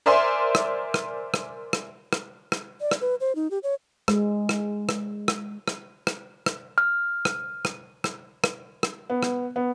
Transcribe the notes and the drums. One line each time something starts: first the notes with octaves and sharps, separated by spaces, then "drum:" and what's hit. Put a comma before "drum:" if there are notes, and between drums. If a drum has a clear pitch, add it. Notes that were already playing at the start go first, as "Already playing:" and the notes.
A#4 C5 D5 E5 G#5 C6
drum: rim click
drum: rim click
drum: rim click
drum: rim click
drum: rim click
drum: rim click
D5
drum: rim click
B4
C5
D#4
G4
C#5
G#3, drum: rim click
drum: rim click
drum: rim click
drum: rim click
drum: rim click
drum: rim click
drum: rim click
F6
drum: rim click
drum: rim click
drum: rim click
drum: rim click
drum: rim click
B3
drum: rim click
B3